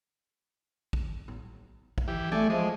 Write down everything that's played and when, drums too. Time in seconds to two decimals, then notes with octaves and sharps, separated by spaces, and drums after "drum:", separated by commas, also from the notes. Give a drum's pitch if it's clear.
0.93 drum: kick
1.28 drum: tom
1.98 drum: kick
2.08 E3 G4
2.32 A3 A4 D5 G#5, drum: tom E3
2.50 F3 G#3 D#5